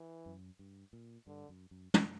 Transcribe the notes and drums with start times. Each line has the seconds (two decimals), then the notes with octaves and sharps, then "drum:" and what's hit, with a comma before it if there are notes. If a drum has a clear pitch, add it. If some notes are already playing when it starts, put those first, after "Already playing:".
Already playing: E3
0.26 F#2
0.59 G2
0.93 A#2
1.27 G2 D3
1.49 F#2
1.71 F#2
1.94 F#2, drum: tom